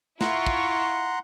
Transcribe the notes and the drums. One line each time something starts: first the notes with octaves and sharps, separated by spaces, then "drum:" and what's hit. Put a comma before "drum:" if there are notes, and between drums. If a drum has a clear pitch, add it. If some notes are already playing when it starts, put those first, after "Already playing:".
E4 F4 F#5 A#5 C6 C#6, drum: snare
drum: kick